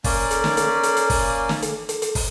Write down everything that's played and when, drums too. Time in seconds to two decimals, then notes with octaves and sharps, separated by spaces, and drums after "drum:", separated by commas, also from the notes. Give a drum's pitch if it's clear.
0.04 A#3 C#4 D5, drum: kick, open hi-hat
0.31 drum: hi-hat
0.44 drum: snare
0.57 drum: hi-hat
0.83 drum: hi-hat
0.97 drum: hi-hat
1.10 drum: kick, open hi-hat
1.49 drum: snare
1.62 drum: hi-hat
1.89 drum: hi-hat
2.02 drum: hi-hat
2.15 drum: kick, open hi-hat